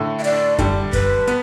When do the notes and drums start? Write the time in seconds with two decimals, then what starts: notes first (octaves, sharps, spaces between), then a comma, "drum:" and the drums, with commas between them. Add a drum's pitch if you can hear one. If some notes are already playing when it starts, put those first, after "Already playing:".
Already playing: A2 D3
0.19 E5
0.24 D5, drum: hi-hat
0.59 D3 G3, drum: kick F#2, hi-hat
0.93 B4, drum: kick F#2, hi-hat
1.27 B3, drum: hi-hat